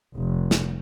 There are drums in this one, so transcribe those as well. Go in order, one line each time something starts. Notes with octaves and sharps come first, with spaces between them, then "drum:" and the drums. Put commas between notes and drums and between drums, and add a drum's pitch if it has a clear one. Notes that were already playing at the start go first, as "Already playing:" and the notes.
F1
drum: snare